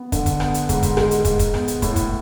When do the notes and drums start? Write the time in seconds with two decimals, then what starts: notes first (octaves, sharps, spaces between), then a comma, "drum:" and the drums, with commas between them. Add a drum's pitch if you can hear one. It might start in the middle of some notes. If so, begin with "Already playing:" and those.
Already playing: B3
0.12 D3, drum: kick, hi-hat
0.26 drum: kick, hi-hat
0.40 B3, drum: rim click
0.54 drum: hi-hat
0.69 G#2, drum: kick, hi-hat
0.83 drum: kick, hi-hat
0.97 G#3, drum: rim click
1.11 drum: hi-hat
1.25 G#2, drum: kick, hi-hat
1.39 drum: kick, hi-hat
1.54 B3, drum: rim click
1.68 drum: hi-hat
1.82 A2, drum: kick, hi-hat
1.96 drum: kick, hi-hat